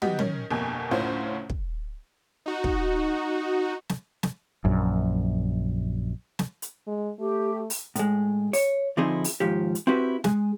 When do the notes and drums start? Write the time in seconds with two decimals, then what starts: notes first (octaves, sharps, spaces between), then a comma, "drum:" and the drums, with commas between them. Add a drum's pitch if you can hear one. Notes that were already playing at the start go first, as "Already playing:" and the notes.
0.02 G3 B3 D#4 F#4 G4, drum: tom
0.19 D#3 C#4, drum: tom
0.51 G1 F2 B2 A#3 G#5 C#6
0.91 F#1 D2 A2 C#4 F4 C5
1.50 drum: kick
2.46 D#4 F#4
2.64 drum: kick
3.89 drum: snare
4.23 drum: snare
4.65 A#1 F#2
6.39 drum: snare
6.62 drum: hi-hat
6.87 G#3
7.19 A3 G4
7.70 drum: open hi-hat
7.95 A2 G#3, drum: hi-hat
8.53 C#5, drum: open hi-hat
8.97 D3 F3 C4 D#4 E4 G#4
9.24 drum: open hi-hat
9.40 D#2 G#2 F3 G4
9.75 drum: hi-hat
9.87 C4 E4 F#4 G4 B4
10.24 G#3 G#4, drum: snare